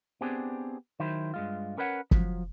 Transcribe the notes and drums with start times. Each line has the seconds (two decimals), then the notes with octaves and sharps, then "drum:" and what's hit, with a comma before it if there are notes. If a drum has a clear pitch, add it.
0.21 B3 C4 D4 G4 G#4
1.00 D#3 F#3 E4 C5
1.34 G2 G#3 F4
1.78 C#4 A#4 B4 C#5 F5 F#5
2.11 F3 F#3, drum: kick